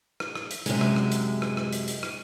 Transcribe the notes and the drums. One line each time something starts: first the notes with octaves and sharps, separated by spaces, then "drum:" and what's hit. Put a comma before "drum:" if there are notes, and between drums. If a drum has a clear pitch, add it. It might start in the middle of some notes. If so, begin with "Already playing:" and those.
drum: rim click
drum: rim click
drum: hi-hat
F#2 C3 G#3, drum: hi-hat
drum: rim click
drum: rim click
drum: hi-hat
drum: rim click
drum: rim click
drum: hi-hat
drum: hi-hat
drum: rim click